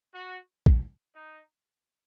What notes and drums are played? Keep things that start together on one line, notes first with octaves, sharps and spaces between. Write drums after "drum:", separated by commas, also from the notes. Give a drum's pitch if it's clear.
F#4
drum: kick
D#4